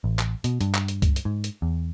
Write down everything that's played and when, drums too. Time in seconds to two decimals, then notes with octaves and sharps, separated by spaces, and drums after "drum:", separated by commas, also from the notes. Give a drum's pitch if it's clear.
0.04 A1
0.19 drum: clap
0.44 B2, drum: hi-hat
0.61 G2, drum: hi-hat
0.74 drum: clap
0.88 drum: hi-hat
1.02 drum: kick C#2, hi-hat
1.16 drum: hi-hat
1.25 G#2
1.44 drum: hi-hat
1.62 E2